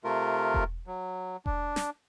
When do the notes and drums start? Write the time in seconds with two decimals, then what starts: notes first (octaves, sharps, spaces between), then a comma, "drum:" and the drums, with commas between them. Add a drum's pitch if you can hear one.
0.04 C3 A3 F4 A#4
0.54 drum: kick E1
0.87 F#3
1.46 D4, drum: kick E1
1.76 drum: snare